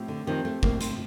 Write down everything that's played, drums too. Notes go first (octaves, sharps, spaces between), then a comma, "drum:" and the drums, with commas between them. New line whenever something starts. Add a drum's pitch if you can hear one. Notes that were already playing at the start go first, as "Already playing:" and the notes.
Already playing: A2 F3 C4 G4
D3
D#3 F3 C4 G4
A3
A2 A#3, drum: kick
C4, drum: hi-hat